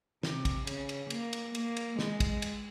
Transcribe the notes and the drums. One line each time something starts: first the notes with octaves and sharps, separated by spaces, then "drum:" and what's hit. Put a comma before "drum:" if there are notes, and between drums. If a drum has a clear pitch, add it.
C3, drum: snare
drum: kick, cymbal
C#3, drum: cymbal
drum: cymbal
A#3, drum: cymbal
drum: cymbal
A#3, drum: cymbal
drum: cymbal
G#3, drum: snare
drum: kick, cymbal
drum: cymbal